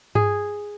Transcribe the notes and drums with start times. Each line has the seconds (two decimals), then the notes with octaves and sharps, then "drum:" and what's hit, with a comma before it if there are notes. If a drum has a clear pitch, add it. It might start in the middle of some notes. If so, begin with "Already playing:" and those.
0.15 G#4, drum: tom G2